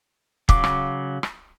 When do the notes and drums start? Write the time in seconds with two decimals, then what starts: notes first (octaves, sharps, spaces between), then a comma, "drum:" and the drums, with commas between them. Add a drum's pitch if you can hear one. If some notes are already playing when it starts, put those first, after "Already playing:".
0.49 C#3 F#3 F5 D6, drum: kick
0.64 drum: rim click
1.23 drum: rim click